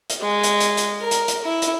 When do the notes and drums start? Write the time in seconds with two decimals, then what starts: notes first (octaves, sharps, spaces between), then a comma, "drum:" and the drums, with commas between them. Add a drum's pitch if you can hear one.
0.10 drum: hi-hat
0.21 G#3
0.43 drum: hi-hat
0.60 drum: hi-hat
0.77 drum: hi-hat
1.01 A#4
1.11 drum: hi-hat
1.28 drum: hi-hat
1.45 E4
1.62 drum: hi-hat